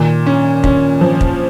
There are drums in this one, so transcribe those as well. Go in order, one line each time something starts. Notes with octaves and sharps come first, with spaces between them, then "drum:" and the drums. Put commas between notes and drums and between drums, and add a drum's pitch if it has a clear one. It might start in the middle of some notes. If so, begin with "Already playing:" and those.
Already playing: A#2 D#3
C#4
C#4, drum: kick
F3
drum: kick